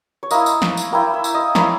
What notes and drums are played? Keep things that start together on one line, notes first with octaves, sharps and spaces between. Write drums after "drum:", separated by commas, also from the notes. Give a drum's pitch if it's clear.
C#5
A#3 E4 D#5, drum: tambourine
drum: tambourine
drum: snare
drum: tambourine
A#3 E4 G5
E5
drum: tambourine
D#5
A#3 E4 C#5, drum: snare